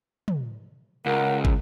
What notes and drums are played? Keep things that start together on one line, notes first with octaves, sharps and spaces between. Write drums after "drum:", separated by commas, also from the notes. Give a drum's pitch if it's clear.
drum: tom
C#2 A#4 F#5
drum: kick